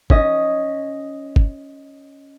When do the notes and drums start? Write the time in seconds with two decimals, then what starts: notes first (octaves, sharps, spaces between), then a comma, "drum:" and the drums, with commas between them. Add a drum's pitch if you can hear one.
0.10 C#4 D#5, drum: kick
1.36 drum: kick